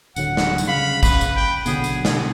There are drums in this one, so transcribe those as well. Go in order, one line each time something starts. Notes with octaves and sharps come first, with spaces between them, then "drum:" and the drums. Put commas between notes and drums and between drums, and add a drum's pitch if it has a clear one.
D1 D3 F#3 F#5, drum: tambourine
drum: snare
drum: tambourine
C#3 F5 B5
B4 B5, drum: kick, tambourine
drum: tambourine
G5
B2 D3 F#3 B3 G#4, drum: tambourine
drum: tambourine
drum: snare